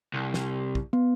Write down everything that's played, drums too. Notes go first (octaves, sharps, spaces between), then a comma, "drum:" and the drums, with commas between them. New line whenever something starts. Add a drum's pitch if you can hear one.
C2
drum: snare
drum: kick
B3